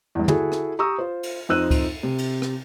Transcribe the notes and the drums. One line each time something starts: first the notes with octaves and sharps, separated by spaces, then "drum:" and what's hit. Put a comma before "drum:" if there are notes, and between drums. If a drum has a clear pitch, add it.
E2 G2
E4 F#4 G#4 A4, drum: tom
drum: rim click
G4 A#5 C#6 D#6 E6
F4 C5
drum: cymbal
F2 D#4 C5 E6 F#6 D#7
drum: kick C#2, cymbal
C3
drum: cymbal
drum: rim click